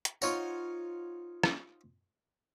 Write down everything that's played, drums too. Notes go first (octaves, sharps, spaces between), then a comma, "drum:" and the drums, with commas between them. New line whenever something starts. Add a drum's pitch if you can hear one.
drum: hi-hat
D#4 F4 C5 C#5 F#5 A#5, drum: tambourine
drum: rim click